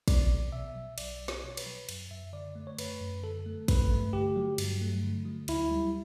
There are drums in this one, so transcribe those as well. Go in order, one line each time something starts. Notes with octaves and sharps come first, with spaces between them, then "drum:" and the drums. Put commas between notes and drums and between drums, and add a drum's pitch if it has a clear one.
B1 D5, drum: kick, cymbal
B1
B2 E5
F#3
B1 D5, drum: cymbal
B1
C#5, drum: snare
B2
B4, drum: cymbal
F#3
F#2, drum: cymbal
F#2 E5
D3 D5
A3
C#5
F#2 B4, drum: cymbal
F#2
D3 A4
A3
G2 B4, drum: kick, cymbal
A3
D3 G4
F#3
G2, drum: cymbal
A3
D3
F#3
D2 E4, drum: cymbal
G3